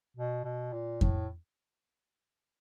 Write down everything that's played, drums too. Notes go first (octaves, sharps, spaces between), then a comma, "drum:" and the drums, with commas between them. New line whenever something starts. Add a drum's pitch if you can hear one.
B2
B2
A#2
A2, drum: kick F2